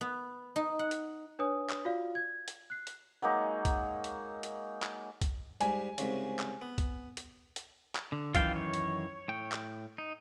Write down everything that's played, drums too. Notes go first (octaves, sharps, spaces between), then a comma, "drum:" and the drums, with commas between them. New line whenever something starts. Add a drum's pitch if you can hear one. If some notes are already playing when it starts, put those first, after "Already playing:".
B3
D#4
F#5
drum: hi-hat
D4 B4 C#5 G#5 D#6
drum: clap
F4 F#4 D5 F5
G#6
drum: hi-hat
F#6 C7
drum: hi-hat
F#3 G#3 A#3 D#4
drum: kick C2, hi-hat
drum: hi-hat
drum: hi-hat
drum: clap
drum: kick C2, hi-hat
G#2 G3 G#5, drum: hi-hat
C2 G#2 C#3, drum: hi-hat
drum: clap
B3
drum: kick C2, hi-hat
drum: hi-hat
drum: hi-hat
drum: clap
D3
F#2 D#3 E3 F4 F5 G5, drum: kick C2, hi-hat
C#5
drum: hi-hat
A2 G5
drum: clap
D#4